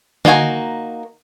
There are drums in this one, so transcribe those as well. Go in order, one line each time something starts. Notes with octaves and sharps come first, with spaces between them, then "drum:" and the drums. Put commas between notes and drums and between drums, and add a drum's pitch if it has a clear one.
A#3 D#4 F#4 C#5 G#5, drum: tom D3